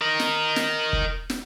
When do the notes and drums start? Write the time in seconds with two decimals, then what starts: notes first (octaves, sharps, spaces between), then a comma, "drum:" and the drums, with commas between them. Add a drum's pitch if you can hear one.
0.01 A#4 D#5
0.20 drum: snare
0.56 drum: snare
0.93 drum: kick
1.30 drum: snare